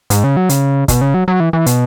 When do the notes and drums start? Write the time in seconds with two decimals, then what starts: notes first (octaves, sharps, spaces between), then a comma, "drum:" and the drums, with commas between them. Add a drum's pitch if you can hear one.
0.10 G#2, drum: hi-hat
0.24 C#3
0.37 F#3
0.49 C#3, drum: hi-hat
0.88 B2, drum: kick, hi-hat
1.01 C#3
1.14 F#3
1.28 F#3
1.40 E3
1.53 E3
1.66 B2, drum: hi-hat